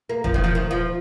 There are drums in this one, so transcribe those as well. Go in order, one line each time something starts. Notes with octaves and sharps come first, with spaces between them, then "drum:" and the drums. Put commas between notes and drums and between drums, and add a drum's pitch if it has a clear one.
A#3
F3, drum: kick
D#3
F3
D#3
F3